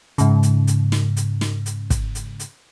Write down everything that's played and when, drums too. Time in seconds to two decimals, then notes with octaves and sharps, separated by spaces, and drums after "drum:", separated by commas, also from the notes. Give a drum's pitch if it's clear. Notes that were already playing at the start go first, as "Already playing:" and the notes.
0.18 G#2 C#3, drum: hi-hat
0.43 drum: hi-hat
0.67 drum: hi-hat
0.92 drum: snare
1.17 drum: hi-hat
1.41 drum: snare
1.66 drum: hi-hat
1.90 drum: kick, hi-hat
2.15 drum: hi-hat
2.40 drum: hi-hat